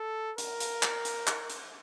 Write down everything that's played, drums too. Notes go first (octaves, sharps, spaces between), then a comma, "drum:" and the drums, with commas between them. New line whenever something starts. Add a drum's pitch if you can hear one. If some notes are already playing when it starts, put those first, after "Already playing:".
Already playing: A4
A#4, drum: hi-hat
drum: hi-hat
drum: clap
drum: hi-hat
drum: clap
drum: hi-hat